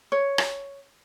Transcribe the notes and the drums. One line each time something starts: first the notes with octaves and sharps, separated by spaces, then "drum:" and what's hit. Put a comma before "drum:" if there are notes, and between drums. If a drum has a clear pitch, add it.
C#5
drum: rim click